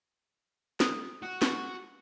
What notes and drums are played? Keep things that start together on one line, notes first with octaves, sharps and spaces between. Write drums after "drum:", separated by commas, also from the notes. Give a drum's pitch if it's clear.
A4, drum: snare
F#4
drum: snare